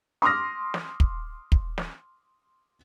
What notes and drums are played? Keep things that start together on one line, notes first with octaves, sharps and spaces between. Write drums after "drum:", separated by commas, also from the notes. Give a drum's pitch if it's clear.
C6 D6 D#6 F6 A#6
drum: snare
drum: kick
drum: kick
drum: snare